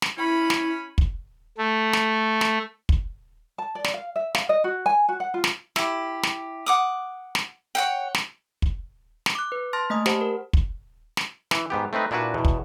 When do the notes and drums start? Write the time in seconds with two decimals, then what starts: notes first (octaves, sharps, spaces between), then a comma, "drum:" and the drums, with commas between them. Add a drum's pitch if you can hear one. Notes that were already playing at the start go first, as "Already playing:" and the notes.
0.02 drum: snare
0.18 C#4 E4 B5
0.50 drum: snare
0.98 drum: kick
1.58 A3
1.93 drum: snare
2.41 drum: snare
2.89 drum: kick
3.58 A5
3.75 D5
3.84 drum: snare
3.94 F5
4.16 E5
4.35 F5, drum: snare
4.49 D#5
4.64 F#4
4.86 G#5
5.09 F#4
5.20 F#5
5.34 F4
5.44 drum: snare
5.76 E4 G4, drum: snare
6.23 drum: snare
6.66 F#5 D6 D#6
7.35 drum: snare
7.75 C#5 F#5 G5
8.15 drum: snare
8.62 drum: kick
9.26 drum: snare
9.35 D6 F#6
9.52 B4
9.73 A5 C6 F6 A6 A#6
9.90 A3 A#3 D#5 G#5 D#6
10.06 G4 C5 F#5 A5 B5, drum: snare
10.21 A#4
10.53 drum: kick
11.17 drum: snare
11.51 E3, drum: snare
11.70 G#2 B3 G4
11.93 A3 C4 D#4 B4
12.11 A#2 D4 E4 F#4 B4
12.34 E2 B2
12.45 drum: kick